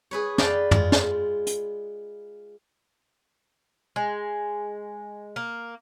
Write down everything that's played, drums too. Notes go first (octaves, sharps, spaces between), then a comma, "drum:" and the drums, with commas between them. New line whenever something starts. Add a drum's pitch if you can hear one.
G#4 B4 C#5
B4 D5 F5 G5, drum: snare
G#3 F4, drum: tom
drum: snare
drum: hi-hat
G#3
A#3